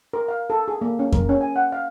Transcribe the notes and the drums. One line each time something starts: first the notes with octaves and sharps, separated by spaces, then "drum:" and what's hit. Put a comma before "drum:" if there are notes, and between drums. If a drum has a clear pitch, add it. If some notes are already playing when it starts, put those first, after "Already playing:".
A#4
F5
A4
G#4
A#3
C#4
A#4, drum: kick F2
C#4
G#5
F#5
F5